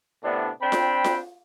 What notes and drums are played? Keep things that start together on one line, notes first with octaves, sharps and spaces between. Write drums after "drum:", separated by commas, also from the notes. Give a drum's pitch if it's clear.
A2 C3 B3 D4
C4 D4 G5 B5
drum: snare F4
drum: snare F4